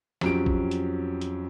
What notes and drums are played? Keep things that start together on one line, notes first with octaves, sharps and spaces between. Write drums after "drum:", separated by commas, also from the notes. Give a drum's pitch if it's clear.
F2 F#3 C#4 G4 D7, drum: snare
drum: kick
drum: hi-hat
drum: hi-hat